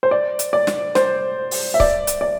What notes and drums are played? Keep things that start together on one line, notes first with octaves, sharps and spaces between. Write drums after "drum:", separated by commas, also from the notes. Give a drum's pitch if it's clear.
C5
D5
drum: hi-hat
D5
drum: snare
C5, drum: snare
drum: open hi-hat
E5
D5, drum: kick C#1
drum: hi-hat
D5